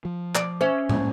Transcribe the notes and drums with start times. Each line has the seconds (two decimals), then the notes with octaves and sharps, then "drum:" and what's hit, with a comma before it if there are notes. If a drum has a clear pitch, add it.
0.05 F3
0.35 D5, drum: clap
0.61 C#4 C5 E5
0.89 A2 G#3 A#3, drum: tom A2